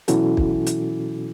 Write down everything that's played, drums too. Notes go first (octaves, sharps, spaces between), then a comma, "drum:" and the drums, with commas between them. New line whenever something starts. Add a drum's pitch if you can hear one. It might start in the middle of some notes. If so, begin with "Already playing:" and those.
B2 E3 F#3 C#4 F#4 A4, drum: hi-hat
drum: kick
drum: hi-hat